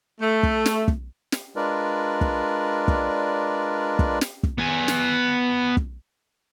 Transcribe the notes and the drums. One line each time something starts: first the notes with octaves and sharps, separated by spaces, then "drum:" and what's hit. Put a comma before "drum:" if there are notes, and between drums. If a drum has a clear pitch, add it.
A3
drum: kick
drum: snare
drum: kick
drum: snare
G#3 D4 F4 A#4 B4 D5
drum: kick
drum: kick
drum: kick
drum: snare
drum: kick
B3 G#5
drum: snare
drum: kick